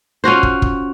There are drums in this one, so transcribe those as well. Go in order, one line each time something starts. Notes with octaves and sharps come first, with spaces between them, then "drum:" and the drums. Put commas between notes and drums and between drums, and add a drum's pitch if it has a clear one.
C#4 F4 F#4 C5
drum: kick
drum: kick